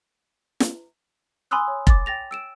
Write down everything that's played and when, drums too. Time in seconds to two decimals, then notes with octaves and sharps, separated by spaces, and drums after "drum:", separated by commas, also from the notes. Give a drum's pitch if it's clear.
0.60 drum: snare
1.51 G#5 B5 C6 D#6 E6 F#6
1.68 C#5
1.87 D6 A6, drum: kick F1
2.06 G5 A6 A#6 F7
2.31 E6 D7 E7